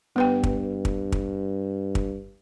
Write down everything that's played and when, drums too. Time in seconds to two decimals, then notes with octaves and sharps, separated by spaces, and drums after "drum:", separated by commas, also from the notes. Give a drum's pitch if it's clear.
0.16 G2 B3 B4 G5
0.43 drum: kick
0.85 drum: kick
1.12 drum: kick
1.95 drum: kick